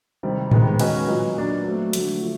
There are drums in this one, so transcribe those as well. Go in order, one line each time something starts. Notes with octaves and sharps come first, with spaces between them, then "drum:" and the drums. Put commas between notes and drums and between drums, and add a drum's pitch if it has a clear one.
C3 D#3 G3 C4
D#3 G#3 B3, drum: tom A2
G#3 C#4 F#4 B4 D#5, drum: cymbal
A#2 F#3 B3 D#4
F#3 A#3 D4
F#3 A3 C4
D3 F#3 A3, drum: hi-hat
F3 A3